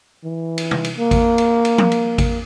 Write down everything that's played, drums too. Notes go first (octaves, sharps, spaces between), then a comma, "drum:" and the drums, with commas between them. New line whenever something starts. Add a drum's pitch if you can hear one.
E3
drum: cymbal
drum: tom
drum: cymbal
A#3
drum: kick A1, cymbal
drum: cymbal
drum: cymbal
drum: tom F3
drum: cymbal
drum: kick A1, cymbal